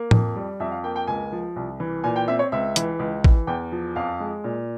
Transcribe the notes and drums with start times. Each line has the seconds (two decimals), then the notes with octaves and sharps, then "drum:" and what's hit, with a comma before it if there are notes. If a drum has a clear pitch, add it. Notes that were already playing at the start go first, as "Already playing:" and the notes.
Already playing: A#3
0.11 F2, drum: tom A2
0.36 G3
0.60 F2 E5
0.71 F5
0.84 A#3 G5
0.96 G5
1.07 C#2 G#5
1.32 F3
1.56 C2
1.80 E3
2.04 A#2 G#5
2.16 G5
2.28 C4 E5
2.39 C#5
2.52 C#2 E5
2.76 E3, drum: hi-hat
2.99 C#2
3.24 E3, drum: kick
3.47 E2 G5
3.72 F3
3.96 F2 F5
4.20 G#3
4.44 A#2